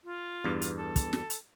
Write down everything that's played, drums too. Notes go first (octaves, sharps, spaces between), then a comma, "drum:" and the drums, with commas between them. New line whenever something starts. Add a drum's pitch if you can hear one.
F4
E2 G2
drum: hi-hat
A4
drum: kick, hi-hat
drum: snare
drum: hi-hat